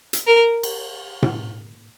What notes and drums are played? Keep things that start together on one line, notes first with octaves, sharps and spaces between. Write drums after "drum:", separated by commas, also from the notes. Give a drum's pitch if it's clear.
drum: hi-hat
A#4
drum: cymbal
drum: tom A2